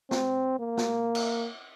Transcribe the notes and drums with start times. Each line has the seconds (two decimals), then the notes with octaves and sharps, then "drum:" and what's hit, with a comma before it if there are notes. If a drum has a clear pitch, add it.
0.11 C4, drum: snare
0.60 A#3
0.77 drum: snare
1.15 drum: cymbal